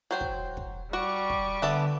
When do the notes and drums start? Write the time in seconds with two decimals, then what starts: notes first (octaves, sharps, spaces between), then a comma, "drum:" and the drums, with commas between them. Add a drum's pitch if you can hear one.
0.11 F#3 C5 G5
0.21 drum: kick
0.57 drum: kick
0.93 G3 F#4 C#6 D6
1.30 drum: kick
1.62 D3 B3 E5 A5